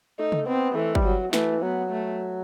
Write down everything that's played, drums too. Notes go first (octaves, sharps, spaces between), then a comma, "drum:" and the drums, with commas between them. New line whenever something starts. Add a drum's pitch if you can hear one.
A3 D#4
drum: tom
B3 C4
E3 A3
G3, drum: kick
F#3
E3 A3, drum: snare
F#3 B3
A3